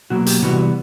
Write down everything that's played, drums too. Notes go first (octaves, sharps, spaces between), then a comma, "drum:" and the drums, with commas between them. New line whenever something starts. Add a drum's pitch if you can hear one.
B2 F#3 A#3 F#4
G4, drum: hi-hat
C3 E3 G3 B3 F#4